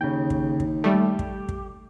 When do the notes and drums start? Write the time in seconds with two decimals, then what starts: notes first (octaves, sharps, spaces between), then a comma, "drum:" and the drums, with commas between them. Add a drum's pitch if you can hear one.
0.01 D#2 C#3 G5
0.30 drum: kick
0.60 drum: kick
0.84 G3 A3 G4
1.19 drum: kick
1.49 drum: kick